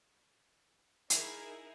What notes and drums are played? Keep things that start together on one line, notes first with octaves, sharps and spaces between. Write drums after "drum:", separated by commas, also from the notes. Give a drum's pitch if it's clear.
D#4 E4 G#4 A#4, drum: hi-hat